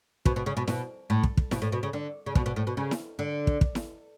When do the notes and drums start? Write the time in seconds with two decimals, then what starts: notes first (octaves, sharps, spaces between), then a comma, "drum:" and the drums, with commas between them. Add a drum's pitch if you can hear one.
0.26 B2, drum: kick
0.36 B2
0.46 C#3
0.57 B2
0.68 B2, drum: snare E4
1.10 A2
1.23 drum: kick
1.37 drum: kick
1.51 B2, drum: snare E4
1.62 A2
1.72 B2
1.83 C#3
1.93 D3
2.26 C#3
2.35 B2, drum: kick
2.46 B2
2.56 A2
2.67 B2
2.77 C#3
2.91 drum: snare E4
3.19 D3
3.47 drum: kick
3.61 drum: kick
3.75 drum: snare E4